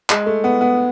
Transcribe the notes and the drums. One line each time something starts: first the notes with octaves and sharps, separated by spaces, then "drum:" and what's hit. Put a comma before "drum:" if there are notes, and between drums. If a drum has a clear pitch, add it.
G#3, drum: clap
A3
B3
B3